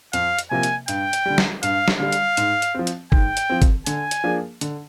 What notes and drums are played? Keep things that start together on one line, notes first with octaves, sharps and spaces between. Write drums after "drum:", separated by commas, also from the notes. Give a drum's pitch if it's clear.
F2 F5, drum: hi-hat
drum: hi-hat
C3 F3 A#3 G#5
drum: hi-hat
G2 G5, drum: hi-hat
drum: hi-hat
D3 G3
drum: snare
G2 F5, drum: hi-hat
drum: snare
D3 G3 F5
drum: hi-hat
G#2, drum: hi-hat
drum: hi-hat
F3 C4
drum: hi-hat
G#2 G5, drum: kick
drum: hi-hat
F3 C4
drum: kick, hi-hat
D3 G#5, drum: hi-hat
drum: hi-hat
F3 A#3 D4 G#4
D3, drum: hi-hat